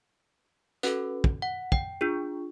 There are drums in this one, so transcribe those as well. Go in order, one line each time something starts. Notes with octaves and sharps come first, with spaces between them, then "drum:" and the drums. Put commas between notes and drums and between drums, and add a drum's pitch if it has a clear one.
C#4 F#4 A4 B4, drum: hi-hat
drum: kick
F#5
G5, drum: kick
D4 F4 G#4